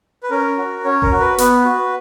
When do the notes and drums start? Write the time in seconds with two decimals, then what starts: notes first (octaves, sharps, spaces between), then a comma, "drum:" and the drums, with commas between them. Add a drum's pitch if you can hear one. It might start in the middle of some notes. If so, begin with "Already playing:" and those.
0.23 B4
0.30 C#4 A#4
0.58 F#4
0.84 C#4 C#5
1.02 A#4, drum: kick F#1
1.12 F#4
1.20 B4
1.38 B3 B4, drum: hi-hat
1.65 F#4